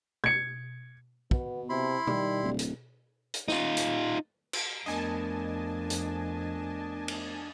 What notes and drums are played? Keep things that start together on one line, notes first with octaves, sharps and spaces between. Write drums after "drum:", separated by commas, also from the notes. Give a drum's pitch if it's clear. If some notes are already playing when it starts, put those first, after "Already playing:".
G#6 C#7, drum: tom B2
B2 B3, drum: kick
C3 E4 B5 C6
D#3 G3, drum: tom B2
D1
drum: hi-hat
drum: hi-hat
D#4 F4, drum: snare
drum: hi-hat
drum: cymbal
F2 A3 B3 D4 A#4 D#5 G#5 A5
drum: hi-hat
drum: cymbal